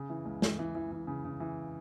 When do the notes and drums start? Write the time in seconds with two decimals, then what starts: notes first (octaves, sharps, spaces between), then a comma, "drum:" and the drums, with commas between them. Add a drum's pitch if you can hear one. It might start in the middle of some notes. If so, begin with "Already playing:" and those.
Already playing: C#3
0.09 E3
0.25 C#2
0.42 E3, drum: snare
0.59 E3
0.75 E3
0.92 E3
1.07 C#3
1.24 C#3
1.40 E3